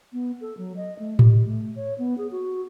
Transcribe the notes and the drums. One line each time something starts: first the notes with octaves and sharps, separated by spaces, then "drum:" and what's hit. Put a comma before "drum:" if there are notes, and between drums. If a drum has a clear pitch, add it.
B3
A4
F#3
D#5
A3
G4, drum: tom A2
A3
C#5
B3
G#4
F#4